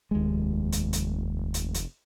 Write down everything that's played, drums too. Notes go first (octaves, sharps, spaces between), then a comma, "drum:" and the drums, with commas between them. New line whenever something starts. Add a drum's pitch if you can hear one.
F1 D#2 G#3
drum: hi-hat
drum: hi-hat
drum: hi-hat
drum: hi-hat